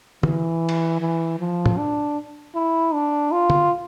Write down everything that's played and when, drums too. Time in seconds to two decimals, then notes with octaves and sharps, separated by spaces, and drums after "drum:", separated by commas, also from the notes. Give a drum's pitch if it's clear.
0.23 E3, drum: tom
0.69 drum: cymbal
1.01 E3
1.39 F3
1.66 drum: tom
1.78 D4
2.55 E4
2.94 D4
3.32 F4
3.50 drum: tom